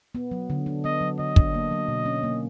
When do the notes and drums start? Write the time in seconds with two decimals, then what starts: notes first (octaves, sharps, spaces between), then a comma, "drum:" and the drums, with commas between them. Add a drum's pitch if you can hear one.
0.15 B3
0.31 F#3
0.50 D3
0.66 D4
0.85 B3 D#5
1.01 F#3
1.19 D3 D#5
1.36 D4, drum: kick
1.54 A#3
1.71 F#3
1.88 B2
2.06 C#4
2.23 A#3